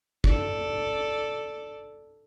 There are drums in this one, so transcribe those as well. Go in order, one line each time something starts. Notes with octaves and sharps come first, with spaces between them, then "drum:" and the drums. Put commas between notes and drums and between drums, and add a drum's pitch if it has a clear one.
A4 D5, drum: kick